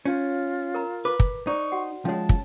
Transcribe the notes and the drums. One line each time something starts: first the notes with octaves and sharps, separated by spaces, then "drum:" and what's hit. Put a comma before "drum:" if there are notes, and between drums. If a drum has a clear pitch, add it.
C#4 F4 C#5
A#4 A#5
B4 D6
drum: kick
D#4 C5 D5 C#6
F#4 F#5
F3 G#3 C#4 C#5 A5
drum: kick